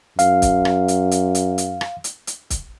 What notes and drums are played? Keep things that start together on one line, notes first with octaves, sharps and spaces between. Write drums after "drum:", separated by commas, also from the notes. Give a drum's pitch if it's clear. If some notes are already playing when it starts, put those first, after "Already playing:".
F#2 F5, drum: hi-hat
drum: kick, hi-hat
drum: rim click
drum: hi-hat
drum: hi-hat
drum: hi-hat
drum: hi-hat
drum: rim click
drum: hi-hat
drum: hi-hat
drum: kick, hi-hat